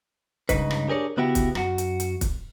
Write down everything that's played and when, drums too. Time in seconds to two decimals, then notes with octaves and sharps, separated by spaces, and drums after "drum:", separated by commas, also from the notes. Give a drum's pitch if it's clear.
0.49 C#2 G2 C#3 D#4 B4, drum: kick, hi-hat
0.71 drum: rim click
0.88 D4 G4 G#4 A#4 C#5 D5
1.17 C#3 B3 E4 F#4 G4
1.35 drum: kick, hi-hat
1.55 F#2 F#4, drum: rim click
1.78 drum: hi-hat
2.00 drum: hi-hat
2.21 drum: kick, hi-hat